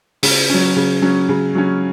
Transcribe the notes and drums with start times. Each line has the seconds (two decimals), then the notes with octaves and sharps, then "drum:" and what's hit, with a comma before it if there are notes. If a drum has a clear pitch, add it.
0.23 C#3, drum: open hi-hat
0.50 F#3 C#4
0.76 C#3
1.02 F#3 C#4
1.29 C#3
1.55 F#3 C#4